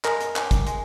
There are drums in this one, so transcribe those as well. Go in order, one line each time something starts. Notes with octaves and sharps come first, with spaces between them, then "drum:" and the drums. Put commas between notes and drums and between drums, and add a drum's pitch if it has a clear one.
G#3 A#4, drum: clap
drum: hi-hat
C#4 G4, drum: clap
drum: kick, hi-hat
G#3, drum: hi-hat